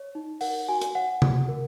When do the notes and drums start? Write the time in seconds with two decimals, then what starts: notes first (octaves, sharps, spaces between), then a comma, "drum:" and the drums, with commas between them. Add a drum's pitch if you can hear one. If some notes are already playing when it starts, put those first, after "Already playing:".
Already playing: C#5
0.15 D#4
0.41 A#4 F#5, drum: open hi-hat
0.69 F#4 G#5
0.81 drum: hi-hat
0.95 C#5 F#5
1.22 F#4, drum: tom C3
1.48 A#4